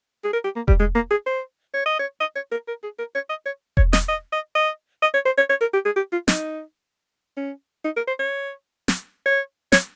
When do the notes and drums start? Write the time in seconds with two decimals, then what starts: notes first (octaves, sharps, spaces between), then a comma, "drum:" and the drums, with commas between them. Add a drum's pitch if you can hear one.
0.24 G#4
0.33 A#4
0.44 G4
0.56 A#3
0.68 G3, drum: kick E1
0.80 G#3
0.95 A#3
1.11 G#4
1.27 C5
1.74 C#5
1.86 D#5
1.99 C#5
2.20 D#5
2.36 C#5
2.52 A#4
2.68 A#4
2.83 G#4
2.99 A#4
3.15 C#5
3.30 D#5
3.46 C#5
3.77 C#5, drum: kick E1
3.93 D#5, drum: snare
4.09 D#5
4.32 D#5
4.55 D#5
5.02 D#5
5.14 C#5
5.26 C5
5.38 C#5
5.50 C#5
5.61 A#4
5.74 G4
5.85 G#4
5.96 G4
6.12 F4
6.28 D#4, drum: snare
7.37 C#4
7.85 D#4
7.96 A#4
8.08 C5
8.19 C#5
8.88 drum: snare
9.26 C#5
9.72 C#5, drum: snare